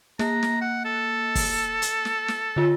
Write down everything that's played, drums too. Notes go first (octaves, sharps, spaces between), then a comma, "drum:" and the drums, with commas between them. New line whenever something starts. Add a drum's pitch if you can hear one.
A#3 A#5 F#6, drum: snare
drum: snare
F#5
A4
drum: kick F#1, open hi-hat
drum: hi-hat
drum: snare
drum: snare
D3 F4